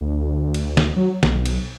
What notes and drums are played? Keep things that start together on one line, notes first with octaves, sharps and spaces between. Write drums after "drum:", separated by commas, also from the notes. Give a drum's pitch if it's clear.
D2
drum: cymbal
drum: snare
F#3
B1, drum: snare
drum: cymbal